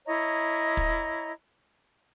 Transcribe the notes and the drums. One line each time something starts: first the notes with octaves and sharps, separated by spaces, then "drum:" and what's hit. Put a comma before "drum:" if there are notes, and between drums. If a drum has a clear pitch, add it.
E4 C#5 D#5 A#5
drum: kick